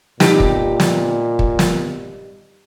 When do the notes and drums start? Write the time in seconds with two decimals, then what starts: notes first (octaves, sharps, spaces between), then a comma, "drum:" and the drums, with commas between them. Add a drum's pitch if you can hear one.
0.20 G2 A#2 D#4 G4, drum: snare
0.40 drum: kick
0.80 drum: snare
1.39 drum: kick
1.59 drum: snare